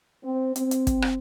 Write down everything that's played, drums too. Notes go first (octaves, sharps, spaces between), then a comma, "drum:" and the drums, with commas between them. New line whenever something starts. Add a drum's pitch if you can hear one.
C4
C4, drum: hi-hat
drum: hi-hat
drum: kick, hi-hat
drum: rim click